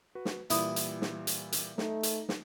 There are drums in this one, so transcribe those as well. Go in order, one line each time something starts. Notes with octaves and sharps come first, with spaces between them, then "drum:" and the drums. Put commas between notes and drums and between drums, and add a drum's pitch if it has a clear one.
F#4 B4
drum: snare
A#2 E3 G3 E4 D#6, drum: hi-hat
drum: hi-hat
drum: snare
drum: hi-hat
drum: hi-hat
A3 D#4, drum: snare
drum: hi-hat
drum: snare